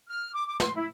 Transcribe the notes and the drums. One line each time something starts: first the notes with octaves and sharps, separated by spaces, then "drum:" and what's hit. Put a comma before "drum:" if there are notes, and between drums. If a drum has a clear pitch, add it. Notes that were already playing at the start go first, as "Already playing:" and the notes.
F6
D6
D6
C6, drum: snare
E4